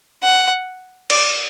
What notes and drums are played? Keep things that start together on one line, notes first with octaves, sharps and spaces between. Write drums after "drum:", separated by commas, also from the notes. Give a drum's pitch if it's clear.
F#5
D5, drum: cymbal